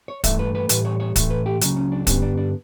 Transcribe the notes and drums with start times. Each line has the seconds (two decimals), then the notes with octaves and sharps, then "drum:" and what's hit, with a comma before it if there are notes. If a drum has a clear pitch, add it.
0.08 C#5
0.24 G2 E3 A3 E5, drum: kick, hi-hat
0.39 B4
0.55 B4
0.69 A2 E3 G3 B4, drum: hi-hat
0.85 C#5
1.00 C#5
1.16 A2 E3 A3, drum: kick, hi-hat
1.30 B4
1.46 G4
1.61 C#2 C#3 F#3, drum: hi-hat
1.76 C#4
1.92 D4
2.07 G2 D3 G3 B3 C#4, drum: kick, hi-hat
2.22 D4
2.38 D4